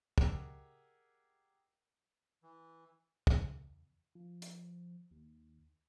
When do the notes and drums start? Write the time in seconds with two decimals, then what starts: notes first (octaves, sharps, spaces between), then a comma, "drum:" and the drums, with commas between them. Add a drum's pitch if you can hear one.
0.18 G4 G#4 A#4 D#5 E5 F#5, drum: kick
2.43 E3
3.27 E2, drum: kick
4.15 F3
4.42 drum: hi-hat
5.11 D#2